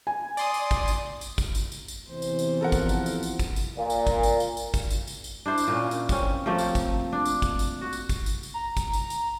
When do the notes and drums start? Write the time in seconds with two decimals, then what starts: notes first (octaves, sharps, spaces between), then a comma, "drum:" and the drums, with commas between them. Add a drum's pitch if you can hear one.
0.07 G#5
0.37 D5 C6 D#6, drum: tambourine
0.54 drum: tambourine
0.71 drum: kick, tambourine
0.88 drum: tambourine
1.21 drum: tambourine
1.38 drum: kick, tambourine
1.55 drum: tambourine
1.72 drum: tambourine
1.88 drum: tambourine
2.10 E2 C3 E3 C5
2.22 drum: tambourine
2.39 drum: tambourine
2.61 F3 A4 A#4 F#5
2.72 drum: kick, tambourine
2.89 drum: tambourine
3.06 drum: tambourine
3.23 drum: tambourine
3.39 drum: kick, tambourine
3.56 drum: tambourine
3.77 A#2
3.90 drum: tambourine
4.07 drum: kick, tambourine
4.23 drum: tambourine
4.40 drum: tambourine
4.57 drum: tambourine
4.74 drum: kick, tambourine
4.91 drum: tambourine
5.07 drum: tambourine
5.24 drum: tambourine
5.46 D4 E4 C5
5.58 drum: tambourine
5.68 A#2 A#3 C#4
5.91 drum: tambourine
6.09 C4 C#4, drum: kick, tambourine
6.46 F3 A3 A#3 C4
6.58 drum: tambourine
6.75 drum: kick, tambourine
7.12 D4
7.26 drum: tambourine
7.42 drum: kick, tambourine
7.59 drum: tambourine
7.81 F#4
7.93 drum: tambourine
8.09 drum: kick, tambourine
8.26 drum: tambourine
8.43 drum: tambourine
8.54 A#5
8.77 drum: kick, tambourine
8.93 drum: tambourine
9.10 drum: tambourine